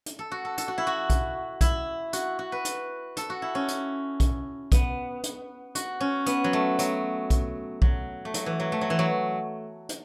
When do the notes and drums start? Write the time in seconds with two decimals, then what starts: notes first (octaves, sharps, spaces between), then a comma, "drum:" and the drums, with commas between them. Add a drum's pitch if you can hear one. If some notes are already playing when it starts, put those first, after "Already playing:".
0.06 drum: hi-hat
0.19 A4
0.31 F#4
0.45 A4
0.58 A4, drum: hi-hat
0.68 F#4
0.78 E4
0.87 F#4
1.10 drum: kick B1, hi-hat
1.61 E4, drum: kick B1, hi-hat
2.13 F#4, drum: hi-hat
2.39 F#4
2.52 B4
2.65 drum: hi-hat
3.17 A4, drum: hi-hat
3.30 F#4
3.42 E4
3.55 C#4
3.68 drum: hi-hat
4.20 drum: kick B1, hi-hat
4.72 B3, drum: kick B1, hi-hat
5.23 drum: hi-hat
5.75 F#4, drum: hi-hat
6.00 C#4
6.26 B3, drum: hi-hat
6.44 F#3
6.53 A3
6.79 F#3, drum: hi-hat
7.30 drum: kick B1, hi-hat
7.82 F#3, drum: kick B1
8.25 A3
8.34 F#3, drum: hi-hat
8.46 E3
8.60 F#3
8.72 A3
8.81 F#3
8.90 E3
8.99 F#3
9.89 drum: hi-hat